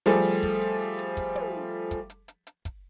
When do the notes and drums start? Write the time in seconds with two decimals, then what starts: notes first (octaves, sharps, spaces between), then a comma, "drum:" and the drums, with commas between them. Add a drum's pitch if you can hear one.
0.06 F3 G3 A3 G#4 A4, drum: hi-hat
0.24 drum: hi-hat
0.43 drum: kick, hi-hat
0.61 drum: hi-hat
0.98 drum: hi-hat
1.17 drum: kick, hi-hat
1.35 drum: tom
1.91 drum: kick, hi-hat
2.10 drum: hi-hat
2.28 drum: hi-hat
2.47 drum: hi-hat
2.65 drum: kick, hi-hat